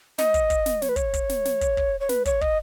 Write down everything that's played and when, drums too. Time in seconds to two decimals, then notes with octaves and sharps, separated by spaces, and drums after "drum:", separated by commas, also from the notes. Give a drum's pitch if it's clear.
0.18 D#5, drum: snare
0.34 drum: kick, hi-hat
0.50 drum: kick, hi-hat
0.66 drum: snare
0.82 C#5, drum: snare
0.89 B4
0.96 C#5, drum: kick, hi-hat
1.14 drum: kick, hi-hat
1.29 drum: snare
1.45 drum: snare
1.61 drum: kick, hi-hat
1.77 drum: kick
2.00 C#5
2.09 B4, drum: snare
2.25 C#5, drum: kick, hi-hat
2.41 D#5, drum: kick